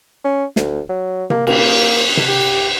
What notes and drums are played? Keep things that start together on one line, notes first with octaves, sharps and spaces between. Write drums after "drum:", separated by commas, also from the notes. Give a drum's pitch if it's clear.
C#4
D2, drum: snare
F#3
A#3, drum: tom C3
A#3, drum: cymbal
drum: tom C3
G4